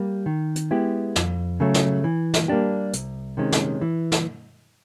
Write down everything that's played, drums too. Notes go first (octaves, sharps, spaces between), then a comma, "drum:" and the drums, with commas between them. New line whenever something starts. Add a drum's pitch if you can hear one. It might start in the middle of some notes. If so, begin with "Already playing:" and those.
Already playing: G3 A#3
D#3
drum: hi-hat
G#3 B3 E4 G4
F2, drum: snare
C#3 F#3 A3
drum: snare
E3
drum: snare
G3 A#3 D4 G4
C2, drum: hi-hat
C3 D#3 G#3 C#4
drum: snare
E3
drum: snare